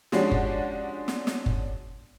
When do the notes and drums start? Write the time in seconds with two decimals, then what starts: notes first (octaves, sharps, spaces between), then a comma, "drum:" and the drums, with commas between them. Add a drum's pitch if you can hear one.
0.12 F3 G#3 C#4 D4 F#4 G4, drum: snare
0.31 drum: kick F#1
1.08 drum: snare
1.27 drum: snare
1.46 drum: kick F#1